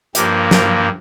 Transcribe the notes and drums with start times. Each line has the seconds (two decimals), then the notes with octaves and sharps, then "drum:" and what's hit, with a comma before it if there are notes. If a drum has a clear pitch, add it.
0.15 G2 F3 A#3 G4, drum: hi-hat
0.51 A#4, drum: snare